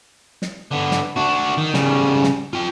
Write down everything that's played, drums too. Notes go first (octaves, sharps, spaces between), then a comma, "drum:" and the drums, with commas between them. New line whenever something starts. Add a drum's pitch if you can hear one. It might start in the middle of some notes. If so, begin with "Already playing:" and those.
drum: snare
D3 B3
drum: snare
D4 F#4
D#3
C#3 G3, drum: snare
drum: snare
F4 G5